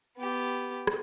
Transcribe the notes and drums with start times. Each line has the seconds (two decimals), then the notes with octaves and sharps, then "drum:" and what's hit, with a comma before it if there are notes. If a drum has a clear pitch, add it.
0.17 B3 G4
0.87 drum: rim click